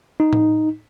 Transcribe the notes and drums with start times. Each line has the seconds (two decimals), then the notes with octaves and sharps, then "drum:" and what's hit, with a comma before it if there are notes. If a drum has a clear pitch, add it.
0.20 D#4
0.33 drum: tom A2